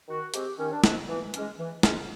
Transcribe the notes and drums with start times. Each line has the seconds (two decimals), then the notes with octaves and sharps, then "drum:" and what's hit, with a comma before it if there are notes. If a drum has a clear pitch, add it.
0.08 D#3 F#4
0.34 G#3 C4 G4, drum: hi-hat
0.59 D#3 C#4
0.71 D4
0.84 G#3 C4 D4, drum: snare
1.08 E3
1.34 G#3 C#4, drum: hi-hat
1.58 E3
1.83 G#3 C#4, drum: snare